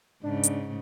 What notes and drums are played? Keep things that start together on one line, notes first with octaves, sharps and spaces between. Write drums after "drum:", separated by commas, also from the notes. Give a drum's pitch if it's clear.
G#2 C#3 D4
drum: hi-hat